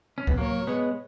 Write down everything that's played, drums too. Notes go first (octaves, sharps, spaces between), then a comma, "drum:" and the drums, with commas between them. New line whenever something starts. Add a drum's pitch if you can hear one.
C#4
B3, drum: kick C#2
F#3 A#3 C#5
G#3 B3